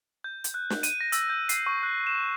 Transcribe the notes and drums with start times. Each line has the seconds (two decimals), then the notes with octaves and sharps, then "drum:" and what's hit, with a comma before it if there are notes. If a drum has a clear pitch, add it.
0.24 G6
0.44 drum: hi-hat
0.54 F#6
0.70 drum: snare
0.83 D#7, drum: hi-hat
1.01 A#6
1.12 E6, drum: hi-hat
1.30 G6
1.49 C7, drum: hi-hat
1.66 C#6
1.83 F#6
2.07 E7